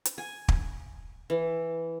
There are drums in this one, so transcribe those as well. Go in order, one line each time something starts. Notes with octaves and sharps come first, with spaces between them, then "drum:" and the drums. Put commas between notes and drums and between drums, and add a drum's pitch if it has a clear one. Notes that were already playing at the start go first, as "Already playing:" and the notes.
drum: hi-hat
G#5
drum: kick
E3